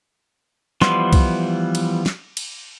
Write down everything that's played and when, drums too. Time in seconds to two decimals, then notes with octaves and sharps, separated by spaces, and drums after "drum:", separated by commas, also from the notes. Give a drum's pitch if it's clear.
0.82 E3 F3 G3 B3 C6, drum: snare
1.13 drum: kick, cymbal
1.75 drum: cymbal
2.06 drum: snare
2.37 drum: cymbal